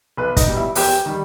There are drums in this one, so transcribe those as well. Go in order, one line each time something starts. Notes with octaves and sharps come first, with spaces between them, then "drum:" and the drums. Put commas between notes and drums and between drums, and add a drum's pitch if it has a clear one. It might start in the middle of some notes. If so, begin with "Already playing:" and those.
B1 B4
D#4, drum: kick, hi-hat
B2 G3
E4
E2 G4, drum: open hi-hat
D#3 G3